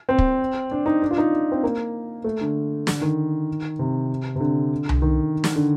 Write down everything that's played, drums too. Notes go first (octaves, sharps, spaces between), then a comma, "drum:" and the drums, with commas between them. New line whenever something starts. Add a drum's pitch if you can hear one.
C4
drum: kick
D4
D#4
D4
F4
D#4
C4
A#3
A3
D3
D3, drum: snare
D#3
C3
C3
D3
drum: tom C2
D#3
drum: snare
D3